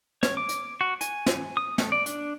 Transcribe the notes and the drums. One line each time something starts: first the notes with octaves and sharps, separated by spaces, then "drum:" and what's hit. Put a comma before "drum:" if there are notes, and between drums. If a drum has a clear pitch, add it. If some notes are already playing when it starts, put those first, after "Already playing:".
C#5, drum: snare
D6
drum: hi-hat
F#4
G#5, drum: hi-hat
drum: snare
D#6
A3, drum: snare
D5
D4, drum: hi-hat